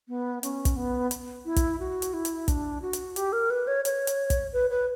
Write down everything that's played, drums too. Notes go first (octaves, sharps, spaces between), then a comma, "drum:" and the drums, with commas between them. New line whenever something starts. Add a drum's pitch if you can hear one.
B3
C#4, drum: hi-hat
drum: kick, hi-hat
B3
drum: hi-hat
E4
drum: kick, hi-hat
F#4
drum: hi-hat
E4
drum: hi-hat
D4, drum: kick, hi-hat
F#4
drum: hi-hat
G4, drum: hi-hat
A#4
B4
C#5
C#5, drum: hi-hat
drum: hi-hat
drum: kick, hi-hat
B4
B4